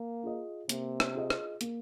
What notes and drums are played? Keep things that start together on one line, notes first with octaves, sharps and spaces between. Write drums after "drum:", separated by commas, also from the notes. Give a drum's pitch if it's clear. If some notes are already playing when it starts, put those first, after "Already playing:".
Already playing: A#3
F4 G#4 D#5
C3 A#3, drum: hi-hat
drum: rim click
F4 G#4 D#5
drum: rim click
A#3, drum: hi-hat